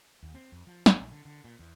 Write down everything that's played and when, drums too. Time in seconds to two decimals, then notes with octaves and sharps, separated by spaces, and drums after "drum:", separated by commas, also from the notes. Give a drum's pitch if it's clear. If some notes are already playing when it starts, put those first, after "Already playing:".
0.23 D#2
0.34 C4
0.52 F2
0.67 F3
0.86 G#1, drum: snare
1.00 A#1
1.11 D3
1.25 D3
1.44 A#2
1.59 E2